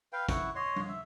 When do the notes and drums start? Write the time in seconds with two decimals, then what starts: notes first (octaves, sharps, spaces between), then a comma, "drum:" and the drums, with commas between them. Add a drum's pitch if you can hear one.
0.13 B4 F5 G5
0.29 E4 F#5 C#6, drum: kick, hi-hat
0.55 C#5 D#5 C6
0.76 drum: tom G3
0.88 E5